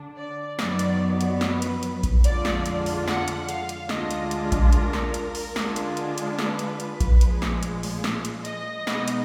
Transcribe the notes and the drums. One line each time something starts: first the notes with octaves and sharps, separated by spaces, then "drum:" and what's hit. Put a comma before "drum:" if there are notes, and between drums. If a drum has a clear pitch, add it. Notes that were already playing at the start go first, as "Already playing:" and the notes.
Already playing: D3 D4
D5
F#2 D#3 F#3 B3 D5, drum: snare
drum: hi-hat
drum: hi-hat
B4, drum: snare
drum: hi-hat
drum: hi-hat
drum: kick A#1, hi-hat
F2 D3 G#3 D4 F4 D5, drum: hi-hat
drum: snare
drum: hi-hat
drum: open hi-hat
F#5, drum: snare
drum: hi-hat
F5, drum: hi-hat
drum: hi-hat
D2 D3 G#3 D4 F4 D#5, drum: snare
drum: hi-hat
drum: hi-hat
drum: kick A#1, hi-hat
A#4, drum: hi-hat
drum: snare
drum: hi-hat
drum: open hi-hat
D3 G#3 D4 F4, drum: snare
drum: hi-hat
drum: hi-hat
drum: hi-hat
B4, drum: snare
drum: hi-hat
drum: hi-hat
drum: kick A#1, hi-hat
A#2 F3 G#3, drum: hi-hat
drum: snare
drum: hi-hat
drum: open hi-hat
drum: snare
drum: hi-hat
D#5, drum: hi-hat
B2 G#3 B3 D#4, drum: snare
drum: hi-hat